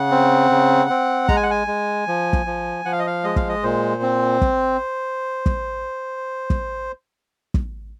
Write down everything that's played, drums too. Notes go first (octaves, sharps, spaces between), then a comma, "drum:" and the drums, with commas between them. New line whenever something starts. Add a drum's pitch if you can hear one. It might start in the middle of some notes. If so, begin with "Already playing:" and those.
Already playing: C#3 F#5
C4
C#3
C4
G#3 A#5, drum: kick
G#5
F#5
G#5
G#3
F3
drum: kick
F3
F3 F#5
F5
D#5
F5
G#3 D#5
F5, drum: kick
D#5
A#2 C5
C4
drum: kick
drum: kick
drum: kick
drum: kick